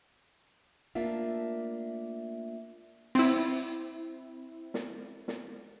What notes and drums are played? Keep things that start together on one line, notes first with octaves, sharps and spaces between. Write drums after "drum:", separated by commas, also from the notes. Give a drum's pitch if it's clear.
A3 A#3 D4 F4 E5
C4 E4, drum: open hi-hat
drum: snare
drum: snare